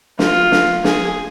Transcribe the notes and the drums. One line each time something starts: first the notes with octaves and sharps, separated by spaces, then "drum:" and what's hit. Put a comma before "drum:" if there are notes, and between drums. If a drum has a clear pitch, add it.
F4, drum: snare
drum: snare
G#4, drum: snare